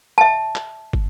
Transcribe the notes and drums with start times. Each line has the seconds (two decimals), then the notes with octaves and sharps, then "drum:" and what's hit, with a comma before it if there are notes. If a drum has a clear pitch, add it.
0.18 E5 A5
0.56 drum: clap
0.93 drum: kick